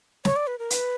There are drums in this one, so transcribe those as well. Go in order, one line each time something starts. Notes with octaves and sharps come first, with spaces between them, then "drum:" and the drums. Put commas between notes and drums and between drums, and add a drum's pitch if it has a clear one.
C#5, drum: snare
D5
B4
A#4
B4, drum: hi-hat